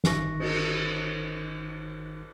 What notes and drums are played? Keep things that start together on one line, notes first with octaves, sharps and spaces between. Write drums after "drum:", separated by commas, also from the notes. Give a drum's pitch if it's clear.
G1 D#3 D#4 C#6 F#6 A#6, drum: snare
drum: cymbal